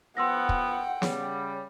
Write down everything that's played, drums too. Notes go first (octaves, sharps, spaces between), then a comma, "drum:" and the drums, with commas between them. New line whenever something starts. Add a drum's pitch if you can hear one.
F3 B3 F#5 G5 C6 E6 A#6
drum: kick
C#3 G3, drum: snare